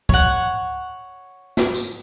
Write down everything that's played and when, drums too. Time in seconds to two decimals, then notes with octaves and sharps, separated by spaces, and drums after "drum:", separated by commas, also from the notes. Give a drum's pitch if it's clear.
0.09 C#5 F#5, drum: kick
1.57 drum: snare
1.74 drum: tambourine